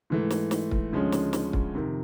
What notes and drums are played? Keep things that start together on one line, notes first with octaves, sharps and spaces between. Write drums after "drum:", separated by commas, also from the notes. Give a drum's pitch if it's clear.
G#2 E3 A3
drum: snare
drum: snare
drum: kick
D2 C#3 F3 G#3 C#4
drum: snare
drum: snare
drum: kick
F2 C3 D#3